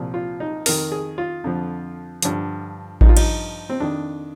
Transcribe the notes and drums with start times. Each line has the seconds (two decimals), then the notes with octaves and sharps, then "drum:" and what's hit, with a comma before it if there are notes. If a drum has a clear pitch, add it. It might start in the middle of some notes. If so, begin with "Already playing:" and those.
Already playing: C2 A#2 F3
0.14 F4
0.40 D#4
0.66 F2 D#3 A#4, drum: open hi-hat
0.92 G#4
1.18 F4
1.44 F2 D3 F3
2.22 G2 D3 F3, drum: hi-hat
3.01 G2 D#4, drum: kick A1
3.06 F3 F4
3.17 D#4, drum: cymbal
3.69 C4
3.80 F2 D#3 D4